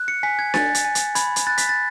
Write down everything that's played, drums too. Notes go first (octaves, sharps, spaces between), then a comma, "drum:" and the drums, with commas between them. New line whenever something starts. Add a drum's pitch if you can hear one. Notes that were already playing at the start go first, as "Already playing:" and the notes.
Already playing: F#6
C#7
G#5 B6
G#6
G#5 A6, drum: snare D4
drum: hi-hat
G#5
drum: hi-hat
B5 G#6, drum: hi-hat
drum: hi-hat
F#6 A6
B6, drum: hi-hat
A6